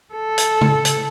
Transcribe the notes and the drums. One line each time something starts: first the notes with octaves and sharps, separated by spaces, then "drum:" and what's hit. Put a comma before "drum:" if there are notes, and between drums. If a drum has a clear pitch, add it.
A4
drum: hi-hat
drum: tom C#3
drum: hi-hat